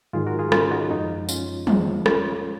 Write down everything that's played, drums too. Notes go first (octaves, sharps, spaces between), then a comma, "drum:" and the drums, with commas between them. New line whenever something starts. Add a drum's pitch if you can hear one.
G#2 D#3 F#3 F4 G#4
F#4 A#4
F4 G#4
C#4 F4, drum: rim click
D#4 F#4
F#2 F3 G#3 D#4
C#4 F4, drum: tambourine
F2 F3 G#3, drum: tom
C#4 F4, drum: rim click